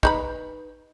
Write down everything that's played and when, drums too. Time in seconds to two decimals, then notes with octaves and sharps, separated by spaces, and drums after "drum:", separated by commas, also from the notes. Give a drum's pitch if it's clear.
0.03 D#4 B4 B5, drum: kick